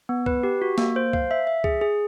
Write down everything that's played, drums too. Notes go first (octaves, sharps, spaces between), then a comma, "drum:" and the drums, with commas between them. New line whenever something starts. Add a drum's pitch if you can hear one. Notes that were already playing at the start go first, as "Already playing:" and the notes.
B3
B4, drum: kick
G4
F#4
A#3, drum: snare
C5
F5, drum: kick
E5
E5
G#4, drum: kick
G#4